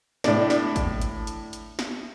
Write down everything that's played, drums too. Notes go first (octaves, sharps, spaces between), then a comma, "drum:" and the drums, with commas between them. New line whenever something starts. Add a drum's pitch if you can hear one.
A2 D4, drum: snare
drum: snare
drum: kick, hi-hat
drum: hi-hat
drum: hi-hat
drum: hi-hat
drum: snare